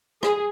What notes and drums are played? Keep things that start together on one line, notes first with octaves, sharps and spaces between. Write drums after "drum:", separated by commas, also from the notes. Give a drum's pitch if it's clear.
G#4, drum: rim click